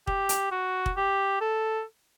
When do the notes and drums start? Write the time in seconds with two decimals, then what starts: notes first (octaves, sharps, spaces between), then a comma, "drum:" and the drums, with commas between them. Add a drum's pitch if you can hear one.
0.07 G4, drum: kick
0.29 drum: hi-hat
0.51 F#4
0.86 drum: kick
0.97 G4
1.41 A4